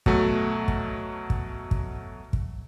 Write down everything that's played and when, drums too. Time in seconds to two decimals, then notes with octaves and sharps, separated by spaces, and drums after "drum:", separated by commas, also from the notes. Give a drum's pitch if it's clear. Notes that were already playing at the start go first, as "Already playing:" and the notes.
0.06 B2 F#3 A3, drum: kick
0.68 drum: kick
1.30 drum: kick
1.71 drum: kick
2.33 drum: kick